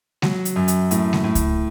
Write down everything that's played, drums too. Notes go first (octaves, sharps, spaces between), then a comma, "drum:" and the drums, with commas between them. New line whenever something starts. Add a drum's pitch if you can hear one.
F#3, drum: snare G#3
drum: hi-hat
F#2
drum: hi-hat
A2, drum: hi-hat
drum: snare G#3
A2
drum: kick C#2, hi-hat